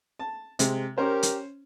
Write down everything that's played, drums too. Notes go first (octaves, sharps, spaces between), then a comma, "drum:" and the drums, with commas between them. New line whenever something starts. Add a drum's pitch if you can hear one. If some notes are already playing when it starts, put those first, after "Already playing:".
A5
C3 G#3, drum: hi-hat
C#4 G4 A#4 C5
drum: hi-hat